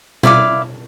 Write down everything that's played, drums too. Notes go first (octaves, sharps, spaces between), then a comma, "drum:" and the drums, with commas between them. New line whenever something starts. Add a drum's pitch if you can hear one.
E4 D5 F5 D6, drum: tom